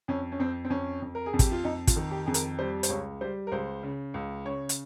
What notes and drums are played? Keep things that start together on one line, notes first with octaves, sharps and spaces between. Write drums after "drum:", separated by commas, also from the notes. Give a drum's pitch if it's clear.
F2 C#4
C#4
F2 C4
C4
F2 C#4
F2
A#4
G#4
F2
G4, drum: kick, hi-hat
F4
F2 D#4
F4, drum: kick, hi-hat
D#3
G4
F2 G#4
A#4, drum: hi-hat
G3 C5
C5, drum: hi-hat
C#2 C#5
G3 C5
A#4
C#2 C5
C#3
C#2
C#3 C#5
drum: hi-hat